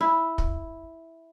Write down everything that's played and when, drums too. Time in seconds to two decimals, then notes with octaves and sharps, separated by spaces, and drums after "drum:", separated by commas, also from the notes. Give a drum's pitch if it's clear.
0.01 E4
0.38 drum: kick